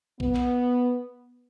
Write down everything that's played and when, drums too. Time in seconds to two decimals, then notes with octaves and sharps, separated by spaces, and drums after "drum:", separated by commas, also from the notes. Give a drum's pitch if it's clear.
0.20 B3, drum: kick A#1
0.35 drum: clap